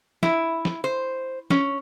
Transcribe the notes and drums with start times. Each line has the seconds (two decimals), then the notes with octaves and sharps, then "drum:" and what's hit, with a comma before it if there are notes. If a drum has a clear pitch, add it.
0.23 E4, drum: snare
0.65 drum: snare
0.84 C5
1.50 C#4, drum: snare